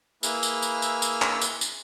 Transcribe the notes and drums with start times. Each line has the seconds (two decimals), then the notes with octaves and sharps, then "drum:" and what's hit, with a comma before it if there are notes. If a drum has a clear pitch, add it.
0.23 A#3 E4 G#4 B4 E6 F6, drum: tambourine
0.43 drum: tambourine
0.63 drum: tambourine
0.82 drum: tambourine
1.02 drum: tambourine
1.22 drum: clap
1.42 drum: tambourine
1.61 drum: tambourine